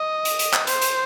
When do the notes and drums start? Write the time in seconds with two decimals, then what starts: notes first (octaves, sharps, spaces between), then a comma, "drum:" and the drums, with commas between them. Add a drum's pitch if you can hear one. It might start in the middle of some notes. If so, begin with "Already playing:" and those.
Already playing: D#5
0.25 drum: hi-hat
0.39 drum: hi-hat
0.53 drum: clap
0.67 C5, drum: hi-hat
0.82 drum: hi-hat